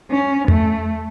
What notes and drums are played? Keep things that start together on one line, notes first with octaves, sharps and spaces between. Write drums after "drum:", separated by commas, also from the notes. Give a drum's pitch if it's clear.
C#4
A3, drum: tom E2